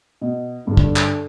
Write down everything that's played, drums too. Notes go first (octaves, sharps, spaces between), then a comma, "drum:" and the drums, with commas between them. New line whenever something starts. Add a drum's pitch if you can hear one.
B2
G2 D3 D4 A4
drum: kick
drum: clap